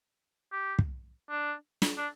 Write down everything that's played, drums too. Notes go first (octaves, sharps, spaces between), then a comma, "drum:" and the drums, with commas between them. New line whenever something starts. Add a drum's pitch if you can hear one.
G4
drum: kick
D4
drum: snare
D4